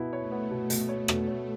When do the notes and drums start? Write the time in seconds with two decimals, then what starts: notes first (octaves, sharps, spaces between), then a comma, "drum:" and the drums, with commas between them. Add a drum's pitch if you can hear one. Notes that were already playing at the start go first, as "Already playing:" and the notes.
Already playing: B2 B3 E4
0.12 A3 C#5
0.32 B3
0.51 B2 A3
0.70 B2, drum: hi-hat
0.89 C#5
1.08 B2, drum: rim click
1.27 C#5